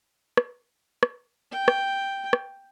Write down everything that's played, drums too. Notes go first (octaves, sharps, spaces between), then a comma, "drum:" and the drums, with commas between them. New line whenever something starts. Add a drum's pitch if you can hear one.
drum: rim click
drum: rim click
G5
drum: rim click
drum: rim click